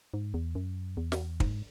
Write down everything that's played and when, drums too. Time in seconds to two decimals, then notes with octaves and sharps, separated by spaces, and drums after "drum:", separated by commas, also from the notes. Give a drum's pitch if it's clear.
0.14 G#2
0.34 E2
0.55 F#2
0.97 E2
1.12 drum: snare
1.40 G#2, drum: kick